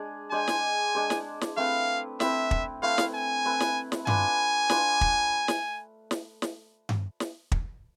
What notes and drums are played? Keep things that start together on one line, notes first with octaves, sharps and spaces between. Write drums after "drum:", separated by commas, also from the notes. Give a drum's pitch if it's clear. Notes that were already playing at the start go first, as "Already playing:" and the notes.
Already playing: G#3 D4 G#4
G#3 D4 G#4 C5 G#5
drum: snare
G#3 D4 G#4 C5
drum: snare
drum: snare
A3 C4 E4 B4 F5
A3 C4 E4 B4 E5, drum: snare
drum: kick
A3 C4 E4 B4 F5
drum: snare
G#5
A3 C4 E4 B4
drum: snare
drum: snare
D4 F4 B4 G#5, drum: tom G2
D4 F4 B4, drum: snare
drum: kick
drum: snare
drum: snare
drum: snare
drum: tom G2
drum: snare
drum: kick